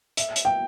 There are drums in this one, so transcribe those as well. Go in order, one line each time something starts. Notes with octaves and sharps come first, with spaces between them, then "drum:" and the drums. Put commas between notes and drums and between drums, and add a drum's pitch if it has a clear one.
E5, drum: hi-hat
drum: hi-hat
G5